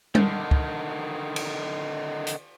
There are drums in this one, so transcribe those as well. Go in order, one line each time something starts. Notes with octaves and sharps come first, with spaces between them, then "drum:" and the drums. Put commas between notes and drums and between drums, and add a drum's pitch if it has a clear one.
D3 D#3, drum: tom G3
drum: kick
drum: cymbal
drum: hi-hat